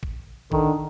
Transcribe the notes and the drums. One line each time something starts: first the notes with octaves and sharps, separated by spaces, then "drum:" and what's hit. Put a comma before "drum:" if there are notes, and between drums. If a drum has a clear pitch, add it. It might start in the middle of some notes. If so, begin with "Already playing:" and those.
drum: kick
D3 D#3, drum: kick